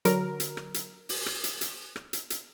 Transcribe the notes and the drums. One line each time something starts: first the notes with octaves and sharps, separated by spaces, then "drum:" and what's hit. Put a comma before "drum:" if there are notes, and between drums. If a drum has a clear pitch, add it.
D3 F#3 A#4, drum: hi-hat
drum: hi-hat
drum: rim click
drum: hi-hat
drum: open hi-hat
drum: rim click
drum: hi-hat
drum: hi-hat
drum: rim click
drum: hi-hat
drum: hi-hat